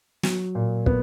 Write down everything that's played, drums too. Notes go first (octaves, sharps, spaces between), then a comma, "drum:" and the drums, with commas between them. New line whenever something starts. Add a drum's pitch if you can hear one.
F#3, drum: snare
A#2
B3, drum: kick